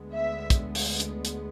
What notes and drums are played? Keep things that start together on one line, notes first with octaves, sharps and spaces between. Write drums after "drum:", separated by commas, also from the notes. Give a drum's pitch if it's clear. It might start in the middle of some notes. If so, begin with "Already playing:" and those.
Already playing: D2 D3 G#3 B3
E5
drum: kick, hi-hat
drum: open hi-hat
drum: hi-hat
drum: hi-hat